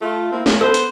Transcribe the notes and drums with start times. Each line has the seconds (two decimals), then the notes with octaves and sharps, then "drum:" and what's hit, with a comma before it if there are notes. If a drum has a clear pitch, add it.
0.01 A3 F4
0.32 A#3 C4 E4
0.46 A2 A#3 C#4, drum: snare
0.61 B3 A4 B4 C5
0.74 drum: hi-hat